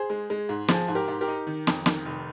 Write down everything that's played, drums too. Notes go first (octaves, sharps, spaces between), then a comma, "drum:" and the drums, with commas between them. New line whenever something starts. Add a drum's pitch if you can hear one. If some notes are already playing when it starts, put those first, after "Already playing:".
Already playing: G#4 C5
G#3
G#3
G#2
F3 G#4, drum: snare
G#2
G4 A#4
G#2
G4 A#4
D#4
D#3
F2, drum: snare
D#3, drum: snare
F1